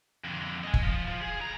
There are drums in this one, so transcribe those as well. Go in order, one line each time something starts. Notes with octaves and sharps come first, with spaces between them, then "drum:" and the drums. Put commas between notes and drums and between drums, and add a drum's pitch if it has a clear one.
F2 D3
D#5 G#5
drum: kick F1
F3
F3
G#4
A2 A#5